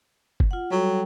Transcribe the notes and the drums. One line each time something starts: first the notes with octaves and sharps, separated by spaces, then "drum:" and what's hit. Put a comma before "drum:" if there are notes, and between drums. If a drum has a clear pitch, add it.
drum: kick F#1
F4 F#5
F#3 G3 A4 G5